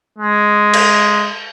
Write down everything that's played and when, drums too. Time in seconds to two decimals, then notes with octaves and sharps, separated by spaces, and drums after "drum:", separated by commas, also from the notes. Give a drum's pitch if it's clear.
0.18 G#3
0.74 drum: cymbal